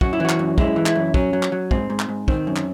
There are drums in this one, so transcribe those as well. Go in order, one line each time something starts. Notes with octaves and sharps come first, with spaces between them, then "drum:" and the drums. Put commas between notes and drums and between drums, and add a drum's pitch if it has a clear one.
F#2 F#4, drum: kick
E4
E3 F#4
drum: clap
F#2
G#3 E4, drum: kick
E3
E4, drum: clap
F#2
F#3 C#4, drum: kick
F#3
drum: clap
F#3
G#2 C4, drum: kick
G#2
drum: clap
G#2
D#3 C4, drum: kick
F#2
drum: clap